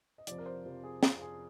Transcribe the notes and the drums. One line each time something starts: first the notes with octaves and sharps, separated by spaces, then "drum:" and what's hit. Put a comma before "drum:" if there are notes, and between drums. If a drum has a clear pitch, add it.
D#5
F2 C3 F3 D5, drum: hi-hat
A#4
C5
F2 C3 F3
G#4
F2 C3 F3 G#4, drum: snare
G#4